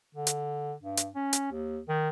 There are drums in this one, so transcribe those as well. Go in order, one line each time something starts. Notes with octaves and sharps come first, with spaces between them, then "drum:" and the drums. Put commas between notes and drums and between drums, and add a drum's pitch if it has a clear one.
D3
drum: hi-hat
G2
drum: hi-hat
C#4
drum: hi-hat
D#2
D#3